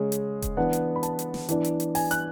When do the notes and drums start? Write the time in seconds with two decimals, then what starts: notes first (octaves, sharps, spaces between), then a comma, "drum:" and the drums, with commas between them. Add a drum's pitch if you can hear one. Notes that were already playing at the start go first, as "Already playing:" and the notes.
Already playing: C#3 G#3 C#4
0.12 drum: hi-hat
0.42 drum: kick D#1, hi-hat
0.57 E3 B3 D4 F#5
0.73 drum: hi-hat
0.96 B5
1.03 A5, drum: hi-hat
1.19 drum: hi-hat
1.34 drum: snare
1.49 E3 B3 D4, drum: hi-hat
1.64 drum: hi-hat
1.80 drum: hi-hat
1.95 G#5, drum: open hi-hat
2.11 F#6, drum: hi-hat